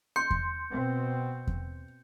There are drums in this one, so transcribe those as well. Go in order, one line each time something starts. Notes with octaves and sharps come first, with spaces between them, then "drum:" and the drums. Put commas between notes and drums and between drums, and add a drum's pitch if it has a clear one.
C6 G6 C#7
drum: kick E2
B2 C4
drum: kick E2